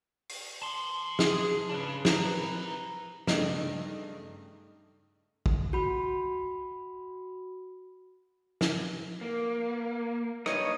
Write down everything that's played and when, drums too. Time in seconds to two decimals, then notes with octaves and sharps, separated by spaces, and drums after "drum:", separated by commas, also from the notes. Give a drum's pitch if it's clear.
0.29 drum: open hi-hat
0.62 A5 C6
1.19 G#4, drum: snare
1.69 C#3 D4 B4
2.05 E4 G#4 A#5, drum: snare
2.25 C3 D#3 B4
3.27 G2 C#3 A3 D#4, drum: snare
5.46 drum: kick
5.73 F#4 B5
8.61 drum: snare
9.21 A#3
10.46 G2 D#4 C#5 D#5, drum: rim click